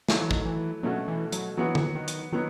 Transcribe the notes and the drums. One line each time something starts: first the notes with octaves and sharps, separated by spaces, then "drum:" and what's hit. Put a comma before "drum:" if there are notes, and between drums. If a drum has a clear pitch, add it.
D#3 F#3 A3 E4, drum: snare
E3
D#3, drum: kick
E3
B2 F#3 A3 C#4 F#4
E3
F#3, drum: hi-hat
E3 F#3 B3 F#4
drum: tom D3
D#3
drum: hi-hat
D#3 F#3 B3